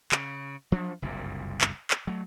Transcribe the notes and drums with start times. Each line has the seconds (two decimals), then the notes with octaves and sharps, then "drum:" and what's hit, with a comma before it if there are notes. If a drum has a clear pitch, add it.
0.12 C#3, drum: clap
0.72 F3 F#3 D4
1.02 F#1 C2 G2 A#2
1.61 drum: clap
1.91 drum: clap
2.07 F#3 A3